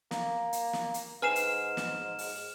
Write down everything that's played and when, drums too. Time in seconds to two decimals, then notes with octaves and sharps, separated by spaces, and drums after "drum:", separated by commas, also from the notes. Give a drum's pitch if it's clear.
0.11 A#3, drum: snare
0.53 drum: hi-hat
0.73 drum: snare
0.94 drum: hi-hat
1.22 G#2 B4 G#5 F6 C7 E7
1.36 drum: hi-hat
1.77 drum: snare
2.19 drum: open hi-hat